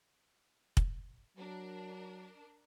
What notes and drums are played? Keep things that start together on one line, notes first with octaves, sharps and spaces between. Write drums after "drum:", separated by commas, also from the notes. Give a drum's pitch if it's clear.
drum: kick
F#3 D4 A#4